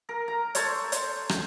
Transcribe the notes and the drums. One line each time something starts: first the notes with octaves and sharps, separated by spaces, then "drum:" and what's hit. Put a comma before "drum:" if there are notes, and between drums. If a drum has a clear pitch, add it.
A#4
A#5
A4 C5 C#5, drum: hi-hat
drum: hi-hat
drum: rim click